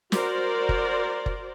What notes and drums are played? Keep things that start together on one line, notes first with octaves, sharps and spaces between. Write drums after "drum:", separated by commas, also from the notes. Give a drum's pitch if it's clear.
F#4 A#4 C5 D5, drum: snare
drum: kick
drum: kick